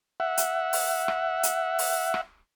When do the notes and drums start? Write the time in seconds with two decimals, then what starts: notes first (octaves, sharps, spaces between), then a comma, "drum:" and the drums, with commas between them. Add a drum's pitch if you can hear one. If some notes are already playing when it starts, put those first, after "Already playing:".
0.20 E5 F#5
0.37 drum: hi-hat
0.73 drum: open hi-hat
1.08 drum: rim click
1.43 drum: hi-hat
1.79 drum: open hi-hat
2.14 drum: rim click